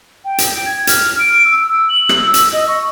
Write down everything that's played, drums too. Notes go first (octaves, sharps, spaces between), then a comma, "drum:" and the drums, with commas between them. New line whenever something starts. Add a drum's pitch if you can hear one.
G5
drum: hi-hat
G#6
F6, drum: hi-hat
D7
E6
E6
F#7
drum: rim click
E6
drum: hi-hat
D#5
C#6